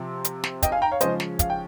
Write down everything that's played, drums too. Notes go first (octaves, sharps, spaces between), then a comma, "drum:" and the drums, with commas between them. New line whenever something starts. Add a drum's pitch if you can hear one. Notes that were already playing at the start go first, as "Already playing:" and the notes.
Already playing: C3 F3 C4
drum: hi-hat
drum: snare
D#5 G5, drum: kick, hi-hat
F5 G#5
G5 A#5
C#5 F5
C#3 F3 G#3 C#4 C5 D#5, drum: hi-hat
drum: snare
F5, drum: kick, hi-hat
G5